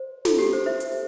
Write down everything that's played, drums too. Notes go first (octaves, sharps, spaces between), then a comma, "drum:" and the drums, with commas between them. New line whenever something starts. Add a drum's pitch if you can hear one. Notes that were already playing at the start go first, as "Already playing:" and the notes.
Already playing: C5
A4, drum: snare
G4
C5
C5 E5
drum: hi-hat